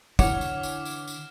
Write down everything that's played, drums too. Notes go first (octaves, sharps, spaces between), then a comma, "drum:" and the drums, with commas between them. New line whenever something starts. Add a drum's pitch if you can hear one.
D3 E3 C#5 F#5 D6 F6, drum: kick, tambourine
drum: tambourine
drum: tambourine
drum: tambourine
drum: tambourine